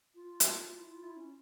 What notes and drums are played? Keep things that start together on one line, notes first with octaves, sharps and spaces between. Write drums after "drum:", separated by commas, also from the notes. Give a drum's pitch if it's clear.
F4
drum: hi-hat
F4
E4
F4
E4
C#4